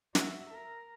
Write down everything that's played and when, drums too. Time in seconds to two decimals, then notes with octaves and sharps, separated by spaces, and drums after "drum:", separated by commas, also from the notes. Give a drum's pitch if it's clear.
0.15 F#4 E5, drum: snare
0.51 A#4